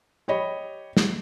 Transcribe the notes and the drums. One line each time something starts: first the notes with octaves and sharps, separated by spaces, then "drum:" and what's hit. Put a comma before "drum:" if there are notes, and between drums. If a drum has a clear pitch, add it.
G4 C#5 D#5 B5
drum: snare